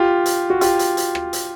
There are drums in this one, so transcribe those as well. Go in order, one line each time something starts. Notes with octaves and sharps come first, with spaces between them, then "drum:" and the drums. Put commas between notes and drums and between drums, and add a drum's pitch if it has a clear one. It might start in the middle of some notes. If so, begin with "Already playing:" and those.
Already playing: F4 G4
drum: hi-hat
F#4
F4 G4, drum: hi-hat
drum: hi-hat
drum: hi-hat
drum: rim click
drum: hi-hat